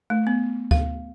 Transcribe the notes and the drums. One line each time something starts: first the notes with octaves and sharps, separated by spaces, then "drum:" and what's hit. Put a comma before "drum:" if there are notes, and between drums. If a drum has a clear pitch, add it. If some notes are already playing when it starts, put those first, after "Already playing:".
A3
B3
F5, drum: kick D2